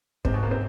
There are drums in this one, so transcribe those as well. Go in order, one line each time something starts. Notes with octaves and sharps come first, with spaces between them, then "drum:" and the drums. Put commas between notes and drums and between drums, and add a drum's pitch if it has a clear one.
G#2 C3 C4, drum: kick
B2 B3
A#2 A#3
C3 C4